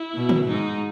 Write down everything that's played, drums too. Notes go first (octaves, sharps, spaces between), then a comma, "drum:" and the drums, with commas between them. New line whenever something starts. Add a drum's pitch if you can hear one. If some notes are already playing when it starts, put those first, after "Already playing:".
Already playing: E4
B2
drum: tom
G#2 D#4